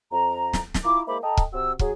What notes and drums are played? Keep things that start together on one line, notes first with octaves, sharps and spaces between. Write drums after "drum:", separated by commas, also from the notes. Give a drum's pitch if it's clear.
F2 A#5
drum: snare
drum: snare
E4 F4 A#5 D6
G#3 A#3 E4 C5 B5 D6
A4 D#5 G5 A5 A#5
drum: kick
C3 C4 F#4 E6
F#3 F#4 G#4, drum: kick